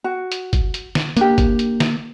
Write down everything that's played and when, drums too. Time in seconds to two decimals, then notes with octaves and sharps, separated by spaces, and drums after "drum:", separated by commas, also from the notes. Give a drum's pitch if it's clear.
0.04 F#4
0.32 drum: hi-hat
0.53 drum: kick, hi-hat
0.74 drum: hi-hat
0.95 drum: snare
1.17 A#3 D4 G4, drum: hi-hat
1.38 drum: kick, hi-hat
1.59 drum: hi-hat
1.80 drum: snare